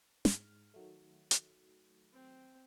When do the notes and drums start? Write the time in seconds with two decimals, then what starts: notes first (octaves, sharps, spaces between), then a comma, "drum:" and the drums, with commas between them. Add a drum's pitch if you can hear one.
0.25 G#2 F6, drum: snare
0.74 D#3 F#3 A3
1.31 drum: hi-hat
2.13 C4